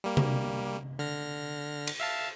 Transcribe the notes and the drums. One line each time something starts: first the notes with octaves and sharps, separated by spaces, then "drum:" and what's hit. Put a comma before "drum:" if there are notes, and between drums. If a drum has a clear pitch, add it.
G3 A#3
drum: tom C3
D3 F6 A#6
drum: cymbal
E5 F5 A5